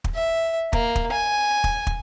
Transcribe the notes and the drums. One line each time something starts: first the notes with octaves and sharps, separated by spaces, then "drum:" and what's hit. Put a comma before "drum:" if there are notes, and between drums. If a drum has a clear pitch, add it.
drum: kick
E5
A#3, drum: kick
drum: kick
G#5
drum: kick
drum: kick